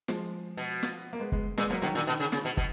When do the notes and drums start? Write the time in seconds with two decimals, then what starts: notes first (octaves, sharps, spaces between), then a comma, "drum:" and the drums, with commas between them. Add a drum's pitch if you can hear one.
0.08 F3 G#3, drum: snare
0.57 B2
0.83 drum: snare
1.13 A#3
1.20 G#3 B3
1.32 G#3 B3, drum: kick
1.58 A#2 G#3 B3, drum: snare
1.70 B2 F#3 A#3
1.82 B2 D#3 F#3
1.94 A#2 D#3
2.07 B2 D#3
2.20 C#3
2.32 C#3, drum: snare
2.45 B2
2.57 B2, drum: kick